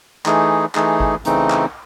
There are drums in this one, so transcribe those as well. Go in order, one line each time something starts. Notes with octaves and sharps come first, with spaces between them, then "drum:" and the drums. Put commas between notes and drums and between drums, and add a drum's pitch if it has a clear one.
E3 A3 D#4 G#4, drum: clap
E3 A3 D#4 G#4, drum: clap
drum: kick
C#3 E3 A3 C4 D#4, drum: hi-hat
drum: clap